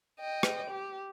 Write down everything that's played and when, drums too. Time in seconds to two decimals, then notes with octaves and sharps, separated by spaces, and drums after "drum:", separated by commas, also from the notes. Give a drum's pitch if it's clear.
0.20 D#5 G5
0.43 drum: rim click
0.70 G4